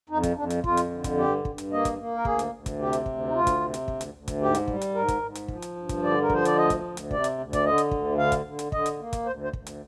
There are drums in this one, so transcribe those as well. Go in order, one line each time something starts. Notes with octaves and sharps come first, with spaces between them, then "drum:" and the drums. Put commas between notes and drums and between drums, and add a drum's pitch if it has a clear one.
F2 D#4
drum: kick, hi-hat
F2 D4
drum: hi-hat
F2 F4, drum: kick
drum: hi-hat
D3
drum: kick, hi-hat
G2 G4
G2, drum: kick
drum: hi-hat
A#3 D#5
drum: kick, hi-hat
A#3
A#4
D2 G#4, drum: kick
drum: hi-hat
D2
drum: kick, hi-hat
C3 G4
drum: hi-hat
D2, drum: kick
D#4
D2 F4
drum: kick, hi-hat
C3
drum: hi-hat
D2, drum: kick
drum: hi-hat
D2
drum: kick, hi-hat
G#2 G4
drum: hi-hat
G3, drum: kick
drum: hi-hat
G#2 A#4
drum: kick, hi-hat
G#2
drum: hi-hat
F3, drum: kick
drum: hi-hat
G2
drum: kick, hi-hat
D3 D5
A#4
F3 C5, drum: kick
D5, drum: hi-hat
D2 D#5
drum: kick, hi-hat
D2
drum: hi-hat
C3 D5, drum: kick
drum: hi-hat
D2
D5, drum: kick, hi-hat
D3 D#5
drum: hi-hat
D2, drum: kick
D3 F5
drum: kick, hi-hat
D3
drum: hi-hat
D3 D#5, drum: kick
drum: hi-hat
A#3
drum: kick, hi-hat
D2 C5
C5
D2, drum: kick
drum: hi-hat